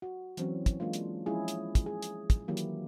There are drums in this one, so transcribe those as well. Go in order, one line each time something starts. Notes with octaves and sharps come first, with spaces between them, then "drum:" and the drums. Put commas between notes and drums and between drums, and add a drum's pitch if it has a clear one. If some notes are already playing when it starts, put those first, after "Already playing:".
F#4
E3 F#3 C4 C#4 F#4, drum: hi-hat
drum: kick, hi-hat
E3 G#3 A#3 D4 F4
drum: hi-hat
F3 G#3 C#4 E4 F4 G#4
drum: hi-hat
drum: kick, hi-hat
G#4
drum: hi-hat
drum: kick, hi-hat
D#3 E3 F#3 A#3 E4 G4
drum: hi-hat